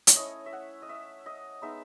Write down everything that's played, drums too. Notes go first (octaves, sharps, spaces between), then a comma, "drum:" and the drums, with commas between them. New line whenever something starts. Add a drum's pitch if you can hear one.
C#5, drum: hi-hat
A3 C#4 E4 D#5
E5
F#5
D#5
E5
D#5
G#3 B3 D#4 E5